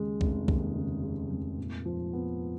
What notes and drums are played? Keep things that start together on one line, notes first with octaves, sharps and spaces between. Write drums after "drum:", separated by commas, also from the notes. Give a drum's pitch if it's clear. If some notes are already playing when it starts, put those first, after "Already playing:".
Already playing: D#2 C#3 G#3
F1, drum: kick C2
D#2, drum: kick C2
C#3
G#3
F1
A#2
F3
B3